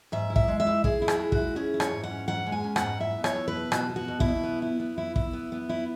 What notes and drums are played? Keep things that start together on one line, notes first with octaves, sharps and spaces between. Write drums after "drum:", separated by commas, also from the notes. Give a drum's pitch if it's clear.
G#2 E5
E4
E5, drum: kick
G#3
E5
E4
E4 G#4, drum: kick
E4
G#4, drum: rim click
G#3
F#4, drum: kick
E4
C#4 G#4
E4
C#5, drum: rim click
G#2
F#5
C#4
G#2 F#5
G#3
G#5
C#4
F#5, drum: rim click
G#2
E4 E5
B3
C#5, drum: rim click
E4
B4
B2
B2 F#4, drum: rim click
B3
F#4
B2
E4, drum: kick
B2
B3
E4
B3
E4
E4, drum: kick
B3
B3
E4